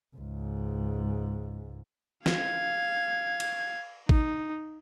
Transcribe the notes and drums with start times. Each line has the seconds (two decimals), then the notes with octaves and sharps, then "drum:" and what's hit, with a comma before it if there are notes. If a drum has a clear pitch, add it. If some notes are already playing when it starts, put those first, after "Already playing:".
0.16 C#2 G#2
2.26 F5 G#6, drum: snare
3.40 drum: cymbal
4.09 D#4, drum: kick A1